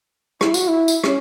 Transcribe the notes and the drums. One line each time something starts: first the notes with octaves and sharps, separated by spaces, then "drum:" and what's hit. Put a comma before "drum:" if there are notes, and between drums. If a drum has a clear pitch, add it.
E4, drum: rim click
F#4, drum: tambourine
E4
drum: tambourine
C#4, drum: rim click